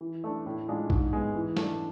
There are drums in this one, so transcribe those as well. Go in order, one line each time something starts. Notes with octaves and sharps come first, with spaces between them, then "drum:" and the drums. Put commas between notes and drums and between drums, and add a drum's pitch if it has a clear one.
E3
A3 D4
A2
G#3 D4 F4
G#2, drum: kick A#1
G#3 B3
E3
A3 D4, drum: snare